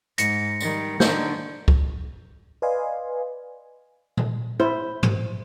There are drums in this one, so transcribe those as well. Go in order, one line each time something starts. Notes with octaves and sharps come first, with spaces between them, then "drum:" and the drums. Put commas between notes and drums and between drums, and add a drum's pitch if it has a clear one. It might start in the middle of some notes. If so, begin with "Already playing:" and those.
G#2 A#6 C#7, drum: hi-hat
D#3 G3, drum: tambourine
D3 D#3 G6, drum: snare
drum: kick C#2
B4 D5 D#5 F5 G#5 C6
drum: tom A#2
E4 C5
drum: tom